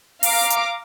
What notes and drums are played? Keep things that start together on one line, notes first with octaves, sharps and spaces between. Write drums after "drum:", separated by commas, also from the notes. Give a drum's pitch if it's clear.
F5 A#5 D6, drum: open hi-hat
drum: hi-hat